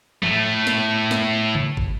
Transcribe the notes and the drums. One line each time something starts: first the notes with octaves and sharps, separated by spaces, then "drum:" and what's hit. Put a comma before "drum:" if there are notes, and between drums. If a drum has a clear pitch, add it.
A2 A3, drum: tom
drum: snare
drum: snare
drum: tom
drum: kick